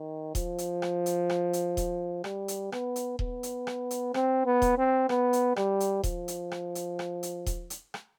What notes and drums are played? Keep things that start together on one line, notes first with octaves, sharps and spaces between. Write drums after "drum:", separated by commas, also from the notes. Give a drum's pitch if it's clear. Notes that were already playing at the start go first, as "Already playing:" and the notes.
Already playing: D#3
F3, drum: kick D#1, hi-hat
drum: hi-hat
drum: rim click
drum: hi-hat
drum: rim click
drum: hi-hat
drum: kick D#1, hi-hat
G3, drum: rim click
drum: hi-hat
B3, drum: rim click
drum: hi-hat
B3, drum: kick D#1
drum: hi-hat
drum: rim click
drum: hi-hat
C4, drum: rim click
B3
drum: kick D#1, hi-hat
C4
B3, drum: rim click
drum: hi-hat
G3, drum: rim click
drum: hi-hat
F3, drum: kick D#1, hi-hat
drum: hi-hat
drum: rim click
drum: hi-hat
drum: rim click
drum: hi-hat
drum: kick D#1, hi-hat
drum: hi-hat
drum: rim click